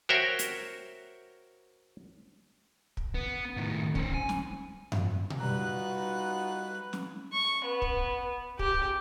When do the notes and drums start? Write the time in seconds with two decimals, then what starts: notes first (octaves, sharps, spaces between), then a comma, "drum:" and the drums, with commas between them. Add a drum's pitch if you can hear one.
0.09 F#4 A#4 C5 C#5 E5 G5
0.39 drum: hi-hat
2.97 drum: kick
3.14 B3
3.57 A2 D#3
3.95 C#4 C5, drum: kick
4.14 G#5
4.29 drum: snare
4.92 drum: tom F#2
5.30 drum: tom B2
5.40 G3 D#4 F4 F#4 B4 A#5 F#6
6.93 drum: snare
7.33 C#6
7.65 B3
7.82 drum: kick
8.59 G4, drum: kick